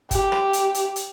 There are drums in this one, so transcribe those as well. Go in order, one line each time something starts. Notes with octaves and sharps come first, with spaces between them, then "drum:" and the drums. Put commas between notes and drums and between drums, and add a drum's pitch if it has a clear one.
G4, drum: kick, hi-hat
drum: rim click
drum: hi-hat
drum: hi-hat
drum: hi-hat